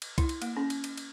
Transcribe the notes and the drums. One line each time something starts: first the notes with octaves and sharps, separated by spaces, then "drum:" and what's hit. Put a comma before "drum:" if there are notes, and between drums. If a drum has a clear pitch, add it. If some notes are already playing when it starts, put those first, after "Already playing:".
drum: cymbal
E4, drum: kick, cymbal
drum: cymbal
A#3, drum: cymbal
C#4
drum: cymbal
drum: cymbal
drum: cymbal